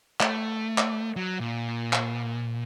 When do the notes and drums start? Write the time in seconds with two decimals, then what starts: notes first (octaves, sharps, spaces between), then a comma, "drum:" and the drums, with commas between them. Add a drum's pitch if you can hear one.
0.20 A3, drum: clap
0.78 drum: clap
1.16 F#3
1.40 A#2
1.93 drum: clap